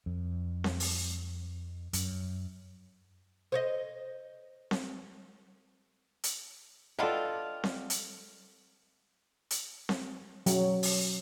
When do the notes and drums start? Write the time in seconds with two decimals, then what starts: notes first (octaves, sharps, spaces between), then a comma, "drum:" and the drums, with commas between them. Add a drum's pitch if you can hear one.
0.06 F2
0.64 drum: snare C4
0.80 drum: open hi-hat
1.93 F#2, drum: hi-hat
3.52 C5 C#5 D#5
4.71 drum: snare C4
6.23 drum: hi-hat
6.99 B3 D4 F4 A4 D5 D#5 F#5 G5
7.64 drum: snare C4
7.90 drum: hi-hat
9.50 drum: hi-hat
9.89 drum: snare C4
10.46 F#3, drum: hi-hat
10.83 drum: open hi-hat